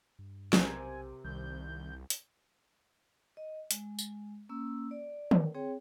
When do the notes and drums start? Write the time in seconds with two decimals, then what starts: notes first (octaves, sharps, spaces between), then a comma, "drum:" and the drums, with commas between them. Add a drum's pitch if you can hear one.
0.19 G2
0.53 B1 C3 A#4 G#5, drum: snare
1.24 C2 D#3 G6
2.10 drum: hi-hat
3.37 D#5
3.71 G#3, drum: hi-hat
3.99 drum: tambourine
4.49 A#3 C#4 E6
4.91 D5
5.31 drum: tom
5.54 C4 G#4 C#5 G5